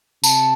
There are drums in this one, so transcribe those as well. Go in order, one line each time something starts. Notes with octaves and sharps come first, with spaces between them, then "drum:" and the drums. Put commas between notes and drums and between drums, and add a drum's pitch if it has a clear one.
C3 A5, drum: tambourine